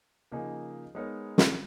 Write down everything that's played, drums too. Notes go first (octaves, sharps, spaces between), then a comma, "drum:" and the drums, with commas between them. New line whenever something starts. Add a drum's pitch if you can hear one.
C#3 F3 A#3 D#4 G#4
G#3 B3 D#4 A#4 C#5
drum: snare